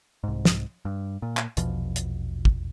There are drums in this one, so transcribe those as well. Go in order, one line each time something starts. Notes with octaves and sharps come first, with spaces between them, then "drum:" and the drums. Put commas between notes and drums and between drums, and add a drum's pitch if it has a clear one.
C2 G#2
drum: snare
G2
A#2
drum: clap
A#1 E2 B2 F3, drum: hi-hat
drum: hi-hat
drum: kick